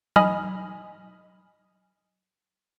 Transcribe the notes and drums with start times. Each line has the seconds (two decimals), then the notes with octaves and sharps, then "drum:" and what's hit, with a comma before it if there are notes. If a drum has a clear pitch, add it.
0.16 D#5 G#5 B5 D#6 F6, drum: tom F#3